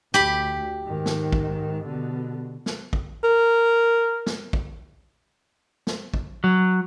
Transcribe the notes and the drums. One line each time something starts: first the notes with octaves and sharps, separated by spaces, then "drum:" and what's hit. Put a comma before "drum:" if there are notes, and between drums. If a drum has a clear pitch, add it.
D2 G4 B5
G#2 D#3
drum: snare
drum: kick
B2 D3
drum: snare
drum: kick
A#4
drum: snare
drum: kick
drum: snare
drum: kick
F#3